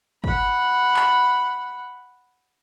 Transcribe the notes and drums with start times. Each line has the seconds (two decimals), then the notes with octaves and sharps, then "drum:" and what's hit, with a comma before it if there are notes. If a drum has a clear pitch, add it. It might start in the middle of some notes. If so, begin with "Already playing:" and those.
0.24 F#5 B5, drum: kick
0.96 drum: clap